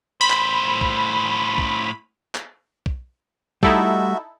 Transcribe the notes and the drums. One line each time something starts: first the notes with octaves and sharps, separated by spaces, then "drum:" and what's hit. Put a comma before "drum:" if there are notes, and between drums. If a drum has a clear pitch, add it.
A2 C5 B5
drum: clap
drum: kick
drum: kick
drum: clap
drum: kick
G3 A3 D#4 E4 F#4 A4 E5, drum: kick